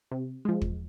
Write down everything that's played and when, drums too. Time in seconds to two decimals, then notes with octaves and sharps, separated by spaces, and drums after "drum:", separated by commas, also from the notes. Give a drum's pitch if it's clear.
0.11 C3
0.45 F3 G#3
0.61 drum: kick